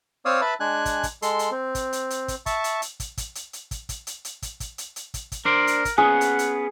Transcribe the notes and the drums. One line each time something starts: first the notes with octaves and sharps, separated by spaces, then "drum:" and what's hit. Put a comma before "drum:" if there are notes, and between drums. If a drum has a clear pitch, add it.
C4 C#5 D5 F5 D#6 E6
B4 E5 A5 B5
G#3 D4 G#5 F#6
drum: kick, hi-hat
drum: kick, hi-hat
G#3 A4 C6, drum: hi-hat
drum: hi-hat
C4
drum: kick, hi-hat
drum: hi-hat
drum: hi-hat
drum: kick, hi-hat
E5 A5 C#6, drum: kick, hi-hat
drum: hi-hat
drum: hi-hat
drum: kick, hi-hat
drum: kick, hi-hat
drum: hi-hat
drum: hi-hat
drum: kick, hi-hat
drum: kick, hi-hat
drum: hi-hat
drum: hi-hat
drum: kick, hi-hat
drum: kick, hi-hat
drum: hi-hat
drum: hi-hat
drum: kick, hi-hat
drum: kick, hi-hat
D4 A#4 C5 D5
drum: hi-hat
drum: kick, hi-hat
B3 C#4 G#4 F#5
drum: hi-hat
drum: hi-hat